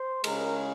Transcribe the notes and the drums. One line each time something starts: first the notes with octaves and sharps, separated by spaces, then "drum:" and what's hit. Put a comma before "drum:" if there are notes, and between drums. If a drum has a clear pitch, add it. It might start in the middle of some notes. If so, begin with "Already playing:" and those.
Already playing: C5
C#3 G#3 A#4, drum: cymbal